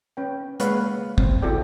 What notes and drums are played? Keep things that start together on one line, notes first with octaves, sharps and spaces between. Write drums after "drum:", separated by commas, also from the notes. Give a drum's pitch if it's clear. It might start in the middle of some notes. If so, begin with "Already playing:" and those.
C#4 B4 G5
G#3 A#3 B4 C#5 F5 F#5, drum: hi-hat
C4, drum: kick
E4 F#4 G#4 A4 D5 G5